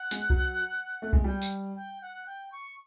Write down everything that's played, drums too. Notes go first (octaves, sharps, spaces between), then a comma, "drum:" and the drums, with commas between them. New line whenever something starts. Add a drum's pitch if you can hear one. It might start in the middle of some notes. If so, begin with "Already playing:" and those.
Already playing: F#5
G#3, drum: hi-hat
F#3, drum: kick C2
A3
G#3, drum: kick C2
G3 G5
drum: tambourine
G5
F#5
G5
C#6